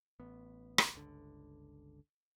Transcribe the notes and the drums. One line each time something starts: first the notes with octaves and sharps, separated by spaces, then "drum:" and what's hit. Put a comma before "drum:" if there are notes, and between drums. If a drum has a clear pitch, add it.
A1 B3
drum: rim click
G1 C#2 D3